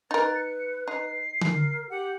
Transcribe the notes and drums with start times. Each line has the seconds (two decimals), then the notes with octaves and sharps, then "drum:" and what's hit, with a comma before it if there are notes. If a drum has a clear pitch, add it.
0.11 D#4 A#4 B4 A6
0.35 C#7
0.88 D#4 C7
1.41 A#4, drum: tom D3
1.90 G4 F#5